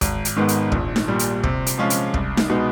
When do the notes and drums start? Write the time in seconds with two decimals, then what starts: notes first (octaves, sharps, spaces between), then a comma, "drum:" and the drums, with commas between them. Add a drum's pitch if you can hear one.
0.01 G#1, drum: kick, hi-hat
0.25 drum: hi-hat
0.36 G#2 D#3 G#3 B3
0.48 drum: hi-hat
0.72 A#1, drum: kick
0.96 drum: snare D#4
1.08 A#2 G3
1.19 drum: hi-hat
1.43 C3, drum: kick
1.66 drum: hi-hat
1.78 F3 G#3 C#4 F4
1.90 drum: hi-hat
2.14 C2, drum: kick
2.37 drum: snare D#4
2.49 B2 G#3 B3 D#4